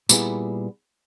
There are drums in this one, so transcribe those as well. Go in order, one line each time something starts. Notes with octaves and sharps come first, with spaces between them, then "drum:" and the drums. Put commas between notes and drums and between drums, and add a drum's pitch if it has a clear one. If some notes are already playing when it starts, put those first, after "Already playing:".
A#2 G3 B3 E4 G#4, drum: tambourine